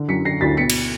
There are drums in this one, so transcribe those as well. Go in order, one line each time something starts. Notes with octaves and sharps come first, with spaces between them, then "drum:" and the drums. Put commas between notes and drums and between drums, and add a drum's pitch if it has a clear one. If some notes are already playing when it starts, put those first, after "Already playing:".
Already playing: D3
F#2 B6 C#7
D3 A#6 C7
D2 A6 B6
B2 B6 C#7
drum: cymbal